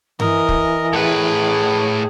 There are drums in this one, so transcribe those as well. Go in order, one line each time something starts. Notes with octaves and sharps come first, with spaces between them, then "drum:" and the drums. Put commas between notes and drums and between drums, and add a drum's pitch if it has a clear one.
E3 A#4 D#5, drum: tom G2
drum: kick
A2 G#4 B4